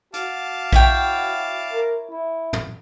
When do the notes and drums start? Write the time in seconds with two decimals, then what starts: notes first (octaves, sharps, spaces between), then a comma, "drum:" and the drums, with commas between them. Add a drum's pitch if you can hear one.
0.13 F#4 F5 A5 D6, drum: hi-hat
0.73 E4 C#5 G5, drum: kick A#1
1.72 A#4
2.11 E4
2.53 drum: tom